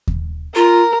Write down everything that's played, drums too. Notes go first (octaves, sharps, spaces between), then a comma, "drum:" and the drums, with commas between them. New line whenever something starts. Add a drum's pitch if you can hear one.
drum: kick D#2
F4 A#4